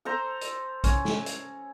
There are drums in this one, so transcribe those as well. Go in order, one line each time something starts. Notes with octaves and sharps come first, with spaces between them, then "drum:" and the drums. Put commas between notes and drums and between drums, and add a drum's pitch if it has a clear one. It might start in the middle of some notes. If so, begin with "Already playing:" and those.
A4 C5 A#5
drum: hi-hat
C#4, drum: kick, hi-hat
drum: snare
drum: hi-hat